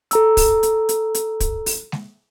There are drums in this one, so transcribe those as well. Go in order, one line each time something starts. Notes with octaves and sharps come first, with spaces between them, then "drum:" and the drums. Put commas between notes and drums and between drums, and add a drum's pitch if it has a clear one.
A4 A#5 E6, drum: hi-hat
drum: kick, open hi-hat
drum: hi-hat
drum: hi-hat
drum: hi-hat
drum: kick, hi-hat
drum: open hi-hat
drum: snare